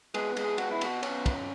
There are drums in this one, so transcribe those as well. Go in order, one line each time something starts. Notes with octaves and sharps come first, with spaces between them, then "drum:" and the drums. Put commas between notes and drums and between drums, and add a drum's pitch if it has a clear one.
G#3 B3 G#4, drum: cymbal
G#3, drum: cymbal
G#4
B3 F#4, drum: cymbal
E4
B2 F#4, drum: cymbal
B3 C#4 C#5, drum: cymbal
B1, drum: kick, cymbal